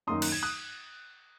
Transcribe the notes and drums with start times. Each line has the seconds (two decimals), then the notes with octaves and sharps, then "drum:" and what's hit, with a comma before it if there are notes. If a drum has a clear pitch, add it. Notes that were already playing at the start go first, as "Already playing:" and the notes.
0.07 F#2 D#3 A#3 D#4 C6 D#6
0.22 F#6, drum: cymbal
0.32 G#6
0.43 D#6 F#6